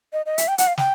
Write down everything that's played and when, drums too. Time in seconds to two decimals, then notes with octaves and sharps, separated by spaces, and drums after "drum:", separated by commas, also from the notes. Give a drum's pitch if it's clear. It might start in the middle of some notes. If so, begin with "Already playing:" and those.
0.13 D#5
0.26 D#5
0.38 E5, drum: hi-hat
0.48 G5
0.58 F#5, drum: hi-hat
0.67 F5
0.78 G5, drum: snare